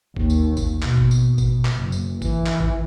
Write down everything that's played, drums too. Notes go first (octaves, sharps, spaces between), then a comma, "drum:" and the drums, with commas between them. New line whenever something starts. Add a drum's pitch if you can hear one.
D#2, drum: kick G#1
drum: tambourine
drum: kick G#1, tambourine
B2, drum: clap
drum: kick G#1
drum: tambourine
B2, drum: kick G#1, tambourine
drum: clap
F#1
drum: tambourine
E3, drum: kick G#1, tambourine
drum: clap
drum: kick G#1